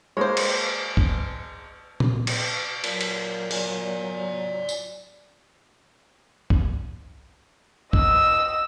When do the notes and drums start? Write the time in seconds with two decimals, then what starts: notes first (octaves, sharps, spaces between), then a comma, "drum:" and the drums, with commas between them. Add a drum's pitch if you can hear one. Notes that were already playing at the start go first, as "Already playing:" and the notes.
0.17 G#3 A#3 C5 C#5
0.37 drum: cymbal
0.97 drum: kick
2.00 drum: tom A#2
2.27 drum: cymbal
2.84 A#2 F#3, drum: cymbal
3.01 drum: cymbal
3.51 D5 G#5, drum: open hi-hat
4.69 drum: tambourine
6.50 drum: kick
7.93 D#5 E6, drum: kick